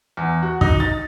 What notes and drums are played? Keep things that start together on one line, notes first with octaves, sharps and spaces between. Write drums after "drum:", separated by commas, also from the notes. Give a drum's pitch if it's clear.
E2
F#4
D#4, drum: kick
A6